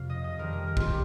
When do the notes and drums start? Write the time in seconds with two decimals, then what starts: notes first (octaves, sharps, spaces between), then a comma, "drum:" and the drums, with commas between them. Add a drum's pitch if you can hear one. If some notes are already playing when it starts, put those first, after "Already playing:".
Already playing: F2 C3 G3 F5
0.10 D#5
0.24 D#5
0.39 F2 D#3 G3 A#4
0.53 A#4
0.67 A#4
0.77 F4, drum: kick
0.86 G4